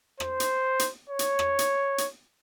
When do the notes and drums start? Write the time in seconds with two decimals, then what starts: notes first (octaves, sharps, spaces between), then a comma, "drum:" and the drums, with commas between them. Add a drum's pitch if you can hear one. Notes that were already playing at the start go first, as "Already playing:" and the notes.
0.20 C5, drum: rim click
0.40 drum: hi-hat
0.79 drum: hi-hat
1.10 C#5
1.19 drum: hi-hat
1.39 drum: rim click
1.59 drum: hi-hat
1.98 drum: hi-hat